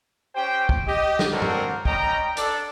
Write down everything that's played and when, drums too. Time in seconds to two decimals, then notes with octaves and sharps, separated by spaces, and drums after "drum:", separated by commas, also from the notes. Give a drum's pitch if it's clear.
0.36 C#4 G4 C5 G5
0.69 drum: kick
0.87 G4 D#5
1.19 drum: snare
1.32 C4 D4 F#4 A4 A#4 C#5
1.42 drum: tom G2
1.85 G3 C#4 D#5 G5 A#5, drum: kick
2.37 D4 A4 D5, drum: hi-hat